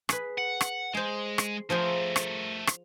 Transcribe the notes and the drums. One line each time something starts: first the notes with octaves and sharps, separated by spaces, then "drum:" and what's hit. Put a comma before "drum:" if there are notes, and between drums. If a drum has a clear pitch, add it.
G#4 B4, drum: rim click
F#5
drum: rim click
G#3 G#4 C5
drum: rim click
F3 A3 G#4 A#4 C5
drum: rim click
drum: rim click